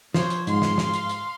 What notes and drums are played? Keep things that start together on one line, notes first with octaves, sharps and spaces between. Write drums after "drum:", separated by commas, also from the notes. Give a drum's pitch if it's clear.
F3 C5 C#5, drum: snare
drum: hi-hat
G#2 F5 C6, drum: hi-hat
drum: snare
drum: snare
drum: hi-hat
drum: hi-hat